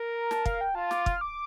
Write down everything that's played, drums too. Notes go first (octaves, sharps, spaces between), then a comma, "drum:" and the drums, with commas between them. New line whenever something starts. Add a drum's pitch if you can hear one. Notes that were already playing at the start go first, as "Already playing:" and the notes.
Already playing: A#4
A#5
A5, drum: snare
F5, drum: kick
G5
F4 A5
D6, drum: snare
F6, drum: kick
D6